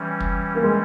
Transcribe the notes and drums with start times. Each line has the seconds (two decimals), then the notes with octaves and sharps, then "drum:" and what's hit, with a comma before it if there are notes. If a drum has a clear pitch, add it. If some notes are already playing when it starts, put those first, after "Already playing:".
Already playing: E3 G3 C#4
0.20 drum: kick
0.55 A#3
0.62 G#3